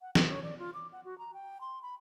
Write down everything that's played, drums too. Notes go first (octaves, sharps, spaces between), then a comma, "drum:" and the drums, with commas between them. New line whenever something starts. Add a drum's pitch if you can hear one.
F#5
G5, drum: snare
C#5
D5
F4
D6
F#5
F#4
A#5
G5
C6
B5